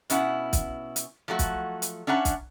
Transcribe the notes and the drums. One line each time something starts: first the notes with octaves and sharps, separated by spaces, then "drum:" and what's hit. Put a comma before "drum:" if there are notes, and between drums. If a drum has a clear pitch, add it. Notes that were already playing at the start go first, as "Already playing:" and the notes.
B2 C#4 E4 F#5, drum: hi-hat
drum: kick, hi-hat
drum: hi-hat
F3 F#3 A3 F#4
drum: kick, hi-hat
drum: hi-hat
C#4 D4 E5 F#5 A#5
drum: kick, hi-hat